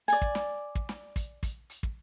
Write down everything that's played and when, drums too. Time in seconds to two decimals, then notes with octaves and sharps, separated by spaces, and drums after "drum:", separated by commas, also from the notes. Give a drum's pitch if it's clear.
0.08 D5 G#5, drum: hi-hat
0.22 drum: kick
0.35 drum: snare
0.75 drum: kick
0.89 drum: snare
1.16 drum: kick, hi-hat
1.43 drum: kick, hi-hat
1.70 drum: hi-hat
1.83 drum: kick